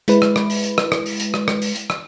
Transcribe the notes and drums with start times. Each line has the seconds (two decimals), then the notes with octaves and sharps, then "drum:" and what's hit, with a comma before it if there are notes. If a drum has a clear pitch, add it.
0.08 G#3 E4 B4, drum: hi-hat
0.22 drum: rim click
0.36 drum: rim click
0.50 drum: open hi-hat
0.64 drum: hi-hat
0.78 drum: rim click
0.92 drum: rim click
1.06 drum: open hi-hat
1.20 drum: hi-hat
1.34 drum: rim click
1.48 drum: rim click
1.62 drum: open hi-hat
1.76 drum: hi-hat
1.90 drum: rim click